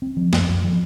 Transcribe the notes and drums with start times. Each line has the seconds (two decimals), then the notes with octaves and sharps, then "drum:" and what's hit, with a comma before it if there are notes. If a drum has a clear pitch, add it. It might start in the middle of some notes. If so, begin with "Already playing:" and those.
0.02 C4
0.17 F3
0.33 F#2, drum: snare
0.49 F#2
0.64 F3